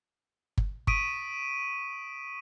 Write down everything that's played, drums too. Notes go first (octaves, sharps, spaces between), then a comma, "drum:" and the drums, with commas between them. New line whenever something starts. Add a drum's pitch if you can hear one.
drum: kick G1
C#6 D#6 B6 D7 D#7, drum: kick G1